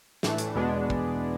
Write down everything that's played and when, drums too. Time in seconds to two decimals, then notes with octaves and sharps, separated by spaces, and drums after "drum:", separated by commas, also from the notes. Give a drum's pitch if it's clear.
0.23 A2 E3 A3 D4, drum: snare
0.38 drum: hi-hat
0.55 E2 B2 G#3 B3 D4
0.90 drum: kick